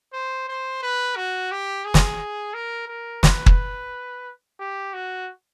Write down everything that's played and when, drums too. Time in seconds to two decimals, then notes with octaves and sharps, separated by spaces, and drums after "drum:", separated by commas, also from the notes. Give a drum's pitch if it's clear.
0.13 C5
0.48 C5
0.82 B4
1.16 F#4
1.51 G4
1.85 G#4
1.94 drum: snare
2.54 A#4
2.88 A#4
3.23 B4, drum: snare
3.46 drum: kick
4.60 G4
4.93 F#4